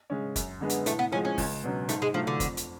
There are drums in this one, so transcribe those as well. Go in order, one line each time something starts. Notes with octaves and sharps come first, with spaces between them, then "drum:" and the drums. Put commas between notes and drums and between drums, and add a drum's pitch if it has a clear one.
C#3 G#3 C#4
F#2, drum: kick F#1, hi-hat
D3 G#3 B3
drum: hi-hat
A2 A3, drum: hi-hat
B3
F3 G#3 C#4
C#4
C#2, drum: kick F#1, open hi-hat
B2 F#3 C#4
G#2 A3, drum: hi-hat
G#3
F3 F#3 A3 F4
D3
F2, drum: kick F#1, hi-hat
drum: hi-hat